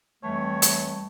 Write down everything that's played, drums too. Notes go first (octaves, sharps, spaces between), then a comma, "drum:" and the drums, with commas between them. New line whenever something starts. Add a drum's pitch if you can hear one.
F2 E3 G3 A3 C#5 A5
drum: hi-hat